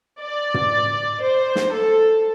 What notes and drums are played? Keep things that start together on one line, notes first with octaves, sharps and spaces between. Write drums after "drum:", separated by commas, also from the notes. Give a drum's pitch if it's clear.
D5
drum: tom
C5
drum: snare
A4